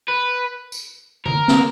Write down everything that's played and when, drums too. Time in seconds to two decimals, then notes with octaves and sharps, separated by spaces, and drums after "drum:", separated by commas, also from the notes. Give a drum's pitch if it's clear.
0.08 B4
0.72 drum: tambourine
1.26 A#4, drum: tom D3
1.48 drum: snare